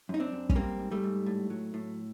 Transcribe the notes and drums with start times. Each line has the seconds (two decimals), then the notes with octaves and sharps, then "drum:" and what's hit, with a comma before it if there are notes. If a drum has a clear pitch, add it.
0.09 F#2 D#4
0.20 C4 D4
0.32 F#2
0.49 C#4, drum: kick
0.55 G3 A#3 C4
0.79 G#2
0.91 G3 A3
1.03 G#2
1.26 A2
1.50 F#3
1.74 A2